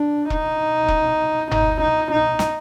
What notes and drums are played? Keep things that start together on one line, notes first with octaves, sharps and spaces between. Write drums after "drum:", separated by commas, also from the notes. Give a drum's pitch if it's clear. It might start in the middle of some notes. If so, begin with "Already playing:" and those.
Already playing: D4
D#4, drum: kick E1
drum: kick E1
D#4, drum: tom F#1
D#4
D#4
drum: snare